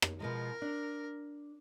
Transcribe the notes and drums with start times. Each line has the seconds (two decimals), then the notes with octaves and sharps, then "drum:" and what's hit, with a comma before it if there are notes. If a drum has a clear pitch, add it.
0.02 drum: rim click
0.20 B2 F3 G#3 A#4
0.62 D4